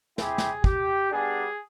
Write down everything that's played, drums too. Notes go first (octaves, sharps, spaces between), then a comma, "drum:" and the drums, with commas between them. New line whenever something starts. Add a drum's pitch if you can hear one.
C4 E4 G4 G#4, drum: snare
drum: snare
G4, drum: kick
G3 B3 D4 G#4